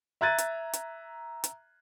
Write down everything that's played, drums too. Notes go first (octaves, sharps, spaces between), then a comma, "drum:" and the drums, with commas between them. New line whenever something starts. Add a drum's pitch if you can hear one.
E5 A#5 F#6 G#6 A6 D#7
drum: hi-hat
drum: hi-hat
drum: hi-hat